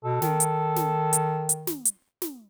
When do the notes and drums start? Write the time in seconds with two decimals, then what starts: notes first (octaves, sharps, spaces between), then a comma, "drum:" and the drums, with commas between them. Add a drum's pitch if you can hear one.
0.05 B2 A4
0.22 D#3, drum: snare
0.40 drum: hi-hat
0.76 drum: snare
1.13 drum: hi-hat
1.49 drum: hi-hat
1.67 drum: snare
1.85 drum: hi-hat
2.22 drum: snare